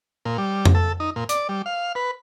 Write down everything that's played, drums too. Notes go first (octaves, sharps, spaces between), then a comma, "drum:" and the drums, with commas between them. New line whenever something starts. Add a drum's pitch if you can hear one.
A#2
G3
drum: tom F2
A4
D#4
A#2
D5, drum: hi-hat
G3
F5
B4